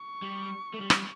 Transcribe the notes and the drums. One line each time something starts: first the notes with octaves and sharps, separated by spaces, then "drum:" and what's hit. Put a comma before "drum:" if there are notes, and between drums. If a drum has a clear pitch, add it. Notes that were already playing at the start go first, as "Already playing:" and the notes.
Already playing: C#6
G3
A3
G3
drum: rim click